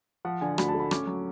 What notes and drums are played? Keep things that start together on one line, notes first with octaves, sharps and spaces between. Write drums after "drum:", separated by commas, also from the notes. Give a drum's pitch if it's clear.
F3 F#5
D3 G#5
D2 B5, drum: rim click
A5
A3
B5
C#4 D6, drum: rim click
F#3